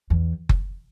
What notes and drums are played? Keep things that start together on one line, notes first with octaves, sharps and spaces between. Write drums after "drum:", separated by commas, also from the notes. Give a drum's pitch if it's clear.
E2
drum: kick F#1